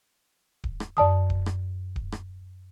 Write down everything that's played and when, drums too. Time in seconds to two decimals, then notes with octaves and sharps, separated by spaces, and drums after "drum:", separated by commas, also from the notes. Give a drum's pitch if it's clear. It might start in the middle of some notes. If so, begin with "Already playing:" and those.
0.64 drum: kick D1
0.80 drum: rim click
0.97 F#2 D5 A5 D#6
1.30 drum: kick D1
1.46 drum: rim click
1.96 drum: kick D1
2.12 drum: rim click